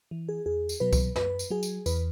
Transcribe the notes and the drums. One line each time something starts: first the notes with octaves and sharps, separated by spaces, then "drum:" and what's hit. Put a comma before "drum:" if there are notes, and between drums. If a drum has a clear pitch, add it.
E3
G#4
E2 G#4
drum: tambourine
B2 F#3 B4
drum: kick C2, tambourine
F#2 B4, drum: snare
drum: tambourine
F#3 G#4
drum: tambourine
E2 B4, drum: tambourine